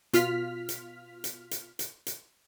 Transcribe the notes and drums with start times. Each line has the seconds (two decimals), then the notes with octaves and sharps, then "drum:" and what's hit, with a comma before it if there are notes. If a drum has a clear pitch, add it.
0.13 B2 F4 F6 B6, drum: hi-hat
0.69 drum: hi-hat
1.24 drum: hi-hat
1.51 drum: hi-hat
1.79 drum: hi-hat
2.07 drum: hi-hat